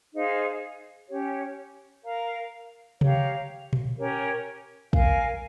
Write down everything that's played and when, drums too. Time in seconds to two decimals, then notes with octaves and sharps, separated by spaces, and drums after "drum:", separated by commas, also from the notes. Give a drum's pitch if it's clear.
0.13 D#4 G#4 C5 F5
1.09 C#4 G4 C#5
2.04 A#4 F5 A#5
3.01 G4 C#5 F5 A#5, drum: tom C3
3.73 drum: tom A#2
3.97 C#4 G4 A#4 C#5
4.93 A#4 F5 G#5, drum: kick